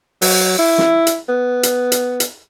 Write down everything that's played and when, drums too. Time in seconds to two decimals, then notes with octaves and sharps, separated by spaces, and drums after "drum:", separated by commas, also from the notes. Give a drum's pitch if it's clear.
0.22 F#3, drum: open hi-hat
0.59 E4
0.78 drum: snare
1.07 drum: hi-hat
1.29 B3
1.63 drum: hi-hat
1.92 drum: hi-hat
2.20 drum: hi-hat